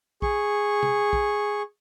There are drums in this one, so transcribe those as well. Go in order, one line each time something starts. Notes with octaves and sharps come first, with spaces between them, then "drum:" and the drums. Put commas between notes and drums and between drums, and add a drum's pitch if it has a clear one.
G#4 C#6, drum: kick
drum: tom C3
drum: kick